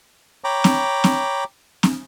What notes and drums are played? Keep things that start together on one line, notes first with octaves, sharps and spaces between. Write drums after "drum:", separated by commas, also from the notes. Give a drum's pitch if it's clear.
C#5 G5 A#5 B5 D6
drum: snare C4
drum: snare C4
drum: snare C4